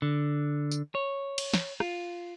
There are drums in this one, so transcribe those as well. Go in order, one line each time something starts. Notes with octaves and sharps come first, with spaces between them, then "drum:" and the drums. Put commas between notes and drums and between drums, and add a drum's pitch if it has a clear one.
D3
drum: tambourine
C#5
drum: cymbal
drum: snare
F4, drum: rim click